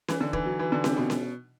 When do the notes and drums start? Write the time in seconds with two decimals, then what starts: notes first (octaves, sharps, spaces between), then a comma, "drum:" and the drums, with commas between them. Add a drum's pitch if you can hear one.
0.08 E3, drum: snare C#4
0.21 D3
0.33 E3, drum: kick
0.45 F#3
0.59 E3
0.72 D3
0.84 C3, drum: snare C#4
0.97 B2
1.10 drum: snare C#4